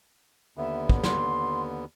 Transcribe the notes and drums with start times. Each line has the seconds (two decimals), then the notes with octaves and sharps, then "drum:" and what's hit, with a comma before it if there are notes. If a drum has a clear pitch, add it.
0.57 D#2 D3 B3 E5
0.89 drum: kick
1.03 C6, drum: snare